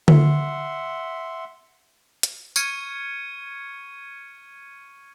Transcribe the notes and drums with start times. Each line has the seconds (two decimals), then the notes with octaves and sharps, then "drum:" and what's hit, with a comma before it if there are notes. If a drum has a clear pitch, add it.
0.08 E5 F#5 C6, drum: tom D3
2.23 drum: hi-hat
2.56 C#6 F6 G#6 C#7 D#7, drum: tambourine